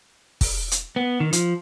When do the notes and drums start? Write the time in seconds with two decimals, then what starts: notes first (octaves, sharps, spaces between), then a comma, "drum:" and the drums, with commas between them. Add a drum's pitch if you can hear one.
0.41 drum: kick, open hi-hat
0.71 drum: hi-hat
0.96 B3
1.20 D#3
1.33 F3, drum: hi-hat